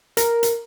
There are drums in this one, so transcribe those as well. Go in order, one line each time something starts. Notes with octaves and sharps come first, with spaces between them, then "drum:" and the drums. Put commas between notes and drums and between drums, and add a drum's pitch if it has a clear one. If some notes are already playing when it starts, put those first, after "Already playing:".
A#4, drum: hi-hat
drum: hi-hat